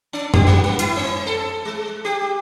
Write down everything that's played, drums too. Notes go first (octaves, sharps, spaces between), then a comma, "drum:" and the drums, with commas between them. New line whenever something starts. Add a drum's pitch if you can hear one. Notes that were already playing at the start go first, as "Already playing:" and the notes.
C#4
G4, drum: tom F#2
A#3
A#3
E4, drum: hi-hat
C4
A4
G#3
G4